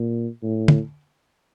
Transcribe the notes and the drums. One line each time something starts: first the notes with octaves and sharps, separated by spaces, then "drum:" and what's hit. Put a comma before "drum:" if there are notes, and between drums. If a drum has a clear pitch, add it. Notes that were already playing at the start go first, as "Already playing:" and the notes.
Already playing: A#2
A2
drum: tom